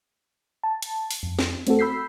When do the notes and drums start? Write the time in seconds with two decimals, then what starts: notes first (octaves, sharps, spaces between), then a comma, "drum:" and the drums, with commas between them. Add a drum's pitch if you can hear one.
0.63 A5
0.83 drum: hi-hat
1.11 drum: open hi-hat
1.23 F2
1.39 drum: snare
1.67 A3 C4 F#4 A4, drum: hi-hat
1.79 B5 E6 G6 B6 C7